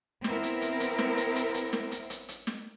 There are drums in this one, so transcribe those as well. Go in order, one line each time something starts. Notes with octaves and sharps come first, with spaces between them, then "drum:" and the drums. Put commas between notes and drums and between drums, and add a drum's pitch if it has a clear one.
B3 C4 E4 A#4, drum: snare
drum: hi-hat
drum: hi-hat
drum: hi-hat
drum: snare
drum: hi-hat
drum: hi-hat
drum: hi-hat
drum: snare
drum: hi-hat
drum: hi-hat
drum: hi-hat
drum: snare